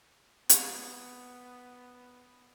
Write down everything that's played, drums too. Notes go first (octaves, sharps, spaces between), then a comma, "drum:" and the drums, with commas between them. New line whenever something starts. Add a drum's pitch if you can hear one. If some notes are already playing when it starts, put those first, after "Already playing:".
B3, drum: hi-hat